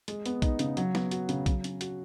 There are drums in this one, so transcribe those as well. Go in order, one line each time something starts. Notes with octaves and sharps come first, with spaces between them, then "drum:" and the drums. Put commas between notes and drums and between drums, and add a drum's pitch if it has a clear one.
G#3, drum: hi-hat
B3, drum: hi-hat
D#4, drum: kick A#1, hi-hat
C#3, drum: hi-hat
F#3, drum: hi-hat
B3, drum: snare
F#4, drum: hi-hat
C#3, drum: hi-hat
F#3, drum: kick A#1, hi-hat
C#4, drum: hi-hat
F#4, drum: hi-hat